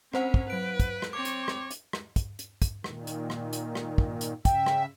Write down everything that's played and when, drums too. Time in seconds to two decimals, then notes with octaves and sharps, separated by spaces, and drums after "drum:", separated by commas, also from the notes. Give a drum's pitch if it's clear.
0.13 C4 C#4 C5 F#5, drum: rim click
0.34 drum: kick
0.50 F#3 B4 D7
0.80 drum: kick, hi-hat
1.02 drum: rim click
1.13 C4 C#5 D6
1.25 drum: hi-hat
1.48 drum: rim click
1.71 drum: hi-hat
1.93 drum: rim click
2.16 drum: kick, hi-hat
2.39 drum: hi-hat
2.62 drum: kick, hi-hat
2.84 A#2 D#3, drum: rim click
3.07 drum: hi-hat
3.30 drum: rim click
3.53 drum: hi-hat
3.75 drum: rim click
3.98 drum: kick
4.21 drum: hi-hat
4.45 C#3 E5 G5, drum: kick, hi-hat
4.66 drum: rim click